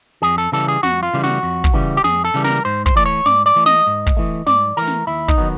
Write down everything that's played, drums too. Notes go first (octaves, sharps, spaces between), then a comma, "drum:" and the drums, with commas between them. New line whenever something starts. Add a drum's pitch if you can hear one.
F2 G#4
A4
C#3 E3 G3 A4
G#4
F2 F#4, drum: snare
F4
C#3 E3 G3
F#4, drum: snare
F2
drum: kick
C#3 E3 G3
G4
F2 G#4, drum: snare
A4
C#3 E3 G3
A#4, drum: snare
G#2 C5
C5, drum: kick
E3 A3 D5
C#5
G#2 D5, drum: snare
D5
E3 A3
D#5, drum: snare
G#2
drum: kick
E3 A3
G#2 D5, drum: snare
E3 A3 A#4
drum: snare
D#2 E4
D#4, drum: kick
D#3 F#3 B3